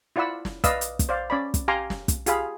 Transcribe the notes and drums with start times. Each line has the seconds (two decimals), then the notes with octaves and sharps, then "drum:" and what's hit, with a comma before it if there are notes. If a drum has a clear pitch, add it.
0.16 E4 F4 D5 F#5 B5 E6
0.45 drum: snare
0.64 B4 D5 D#5 F5 E6, drum: kick, hi-hat
0.81 drum: hi-hat
0.99 drum: kick, hi-hat
1.09 C5 D5 F5
1.30 C#4 D5 B5
1.54 drum: kick, hi-hat
1.68 G4 F5 G#5 A#5 C6 D6
1.90 drum: snare
2.08 drum: kick, hi-hat
2.26 F4 G4 G#4 F5 B5, drum: hi-hat